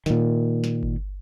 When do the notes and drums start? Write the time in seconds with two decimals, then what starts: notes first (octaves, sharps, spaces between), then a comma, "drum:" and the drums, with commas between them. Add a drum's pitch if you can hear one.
0.06 A#2 D#3, drum: snare
0.64 drum: snare
0.83 drum: kick G1